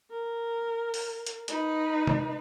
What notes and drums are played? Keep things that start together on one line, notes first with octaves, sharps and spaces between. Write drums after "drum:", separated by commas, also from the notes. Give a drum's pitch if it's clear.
A#4
drum: open hi-hat
drum: hi-hat
D#4 B4, drum: hi-hat
drum: tom C3